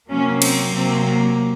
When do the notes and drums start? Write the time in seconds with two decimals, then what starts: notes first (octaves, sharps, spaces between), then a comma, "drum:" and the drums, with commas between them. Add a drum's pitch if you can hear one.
0.10 C3 F#3 A#3 C#4
0.42 C4, drum: cymbal
0.74 C3 F#3 A#3 C4
1.07 A#3